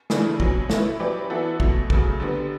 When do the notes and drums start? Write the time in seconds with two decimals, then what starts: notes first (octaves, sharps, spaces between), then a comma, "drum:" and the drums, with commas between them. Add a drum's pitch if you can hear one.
0.10 C#3 E3 A3 D4, drum: snare
0.40 B2 F#3 C#4, drum: kick
0.70 A3 E4 B4, drum: snare
1.00 F#3 C#4 G4 B4 D5
1.30 E3 B3 F#4 A4 E5
1.60 B2 F#3 A3, drum: kick
1.90 C#3 F#3 A3, drum: kick
2.20 D3 G3 B3